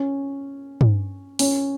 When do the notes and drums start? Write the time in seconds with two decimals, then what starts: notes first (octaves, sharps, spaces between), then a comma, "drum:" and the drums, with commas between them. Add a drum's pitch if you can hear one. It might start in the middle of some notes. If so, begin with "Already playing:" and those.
Already playing: C#4
0.81 drum: tom
1.39 C#4, drum: open hi-hat